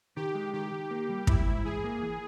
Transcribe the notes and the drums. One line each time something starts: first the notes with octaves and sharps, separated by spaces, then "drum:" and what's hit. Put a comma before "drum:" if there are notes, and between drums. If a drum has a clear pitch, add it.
D#3 G4
G#3
D#3 G4
D#3
A#3
G3
G#2 E4, drum: kick
G#2
E3 G#4
A#3
E3